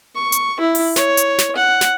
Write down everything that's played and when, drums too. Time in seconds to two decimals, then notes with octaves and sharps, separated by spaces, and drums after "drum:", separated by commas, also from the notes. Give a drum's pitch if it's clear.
0.16 C#6
0.32 drum: hi-hat
0.60 E4
0.75 drum: open hi-hat
0.96 C#5, drum: snare
1.17 drum: hi-hat
1.38 drum: snare
1.56 F#5
1.81 drum: snare